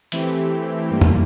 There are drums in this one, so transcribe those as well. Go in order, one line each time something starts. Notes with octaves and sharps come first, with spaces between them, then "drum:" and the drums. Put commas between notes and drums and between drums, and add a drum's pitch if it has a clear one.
E3 A3 C4 E4 G4, drum: hi-hat
G2 E3 G3 A#3
drum: tom E2